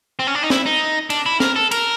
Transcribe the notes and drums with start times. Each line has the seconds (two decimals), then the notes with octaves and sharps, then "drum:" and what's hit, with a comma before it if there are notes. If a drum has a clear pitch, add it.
0.19 C4
0.27 C#4
0.35 D4
0.43 D#4
0.50 E4, drum: snare
0.66 D#4
1.10 D4, drum: cymbal
1.26 E4
1.40 A#4, drum: snare
1.56 A4
1.71 A#4, drum: cymbal